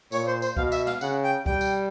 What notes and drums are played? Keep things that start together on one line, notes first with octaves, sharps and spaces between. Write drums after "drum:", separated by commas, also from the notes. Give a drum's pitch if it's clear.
A#2 C#5, drum: tambourine
C5
C5, drum: tambourine
B2 F5, drum: kick C#2
E5, drum: tambourine
F5, drum: snare
C#3 F#5, drum: tambourine
G5
G3 G5, drum: kick C#2
drum: tambourine